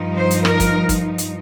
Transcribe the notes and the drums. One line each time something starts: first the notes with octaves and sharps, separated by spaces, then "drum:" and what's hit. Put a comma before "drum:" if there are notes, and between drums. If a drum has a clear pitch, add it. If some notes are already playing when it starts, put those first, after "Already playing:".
Already playing: G2 F3 D#4
C5
drum: hi-hat
A#4, drum: rim click
drum: kick, hi-hat
drum: kick, hi-hat
drum: hi-hat